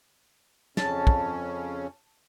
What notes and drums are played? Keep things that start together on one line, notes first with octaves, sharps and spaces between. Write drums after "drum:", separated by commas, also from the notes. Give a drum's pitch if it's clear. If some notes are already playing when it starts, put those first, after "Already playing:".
F2 C#3 C#4 A5, drum: snare
drum: kick